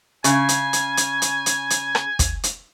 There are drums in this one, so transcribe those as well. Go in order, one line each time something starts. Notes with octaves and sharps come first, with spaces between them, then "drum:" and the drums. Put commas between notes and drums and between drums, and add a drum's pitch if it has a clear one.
C#3 G#5, drum: hi-hat
drum: hi-hat
drum: hi-hat
drum: hi-hat
drum: hi-hat
drum: hi-hat
drum: hi-hat
drum: rim click
drum: kick, hi-hat
drum: hi-hat